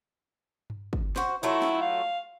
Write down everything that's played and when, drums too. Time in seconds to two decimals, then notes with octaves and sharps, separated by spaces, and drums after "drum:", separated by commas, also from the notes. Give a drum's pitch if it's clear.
0.70 drum: tom G2
0.93 drum: kick
1.16 F#4 C5, drum: snare
1.43 F#3 A3 E4 F4
1.62 drum: snare
1.82 F5